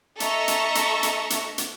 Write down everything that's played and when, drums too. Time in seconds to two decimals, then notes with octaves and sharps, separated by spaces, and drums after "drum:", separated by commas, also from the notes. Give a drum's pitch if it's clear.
0.20 A4 D#5 E5 A#5 C#6 E6, drum: hi-hat
0.48 drum: hi-hat
0.75 drum: hi-hat
1.03 drum: hi-hat
1.30 drum: hi-hat
1.58 drum: hi-hat